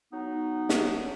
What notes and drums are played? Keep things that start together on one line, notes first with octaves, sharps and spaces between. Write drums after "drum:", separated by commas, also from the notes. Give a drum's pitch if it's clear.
F#3 B3 D#4
drum: snare